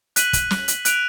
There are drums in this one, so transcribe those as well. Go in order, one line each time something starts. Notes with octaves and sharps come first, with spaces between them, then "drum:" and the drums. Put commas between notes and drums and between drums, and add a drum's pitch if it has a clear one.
F#6 B6 D#7 F#7, drum: hi-hat
drum: kick, hi-hat
drum: snare
drum: hi-hat
F#6 D7 F7, drum: hi-hat